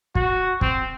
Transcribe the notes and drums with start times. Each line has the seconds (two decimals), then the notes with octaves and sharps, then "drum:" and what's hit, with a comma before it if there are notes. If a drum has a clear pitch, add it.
0.15 F#4, drum: kick
0.61 C4, drum: kick